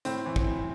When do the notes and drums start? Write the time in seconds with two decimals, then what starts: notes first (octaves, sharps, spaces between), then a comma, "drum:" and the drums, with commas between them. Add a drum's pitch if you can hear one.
0.05 A2 C4, drum: hi-hat
0.26 E3
0.36 drum: kick